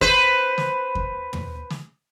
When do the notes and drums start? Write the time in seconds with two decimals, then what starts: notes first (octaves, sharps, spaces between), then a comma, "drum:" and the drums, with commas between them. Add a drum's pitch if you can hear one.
0.01 B4 C5, drum: kick E2
0.58 drum: snare
0.95 drum: kick E2
1.33 drum: tom
1.70 drum: snare